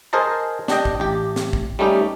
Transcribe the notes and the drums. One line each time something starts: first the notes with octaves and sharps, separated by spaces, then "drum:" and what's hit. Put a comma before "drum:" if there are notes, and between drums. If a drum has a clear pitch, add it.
G#4 A#4 C5 D#5 A5 A#5
D4 G4 D#5 G5, drum: snare
drum: kick
A1 G4
drum: snare
drum: kick
G3 A3 C#4 D#4 G4